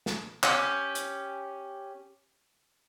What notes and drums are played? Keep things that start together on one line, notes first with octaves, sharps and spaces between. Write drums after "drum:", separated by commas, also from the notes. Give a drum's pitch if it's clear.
drum: snare
C#4 G4, drum: clap
drum: hi-hat